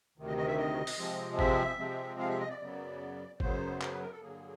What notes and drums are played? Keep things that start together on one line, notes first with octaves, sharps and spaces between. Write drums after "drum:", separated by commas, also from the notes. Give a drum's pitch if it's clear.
D2 C3 D#3
D#5
D#5
E5
D#5
drum: open hi-hat
C3 F3 G#3 C4
E5, drum: kick G#1
C3 F3 G#3 C4
F5
E5
D#5
D5
F#2 C#3 F#3 B3
F#2 C#3 F#3 B3 C5, drum: kick G#1
C5, drum: clap
B4
A#4
A4
G2 D3 F#3 A#3 G#4